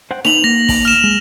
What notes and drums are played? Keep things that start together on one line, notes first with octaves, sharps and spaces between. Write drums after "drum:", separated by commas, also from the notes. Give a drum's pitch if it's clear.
C5 F#5 G5
D#4 B4 F7 F#7, drum: snare
A#3 A#6
F#7, drum: kick, open hi-hat
F6 E7
G#3